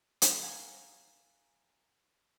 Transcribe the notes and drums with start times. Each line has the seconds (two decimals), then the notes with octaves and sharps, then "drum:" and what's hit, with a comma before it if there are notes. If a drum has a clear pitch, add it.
0.22 drum: hi-hat
0.41 A#4 F5 F#5 G#5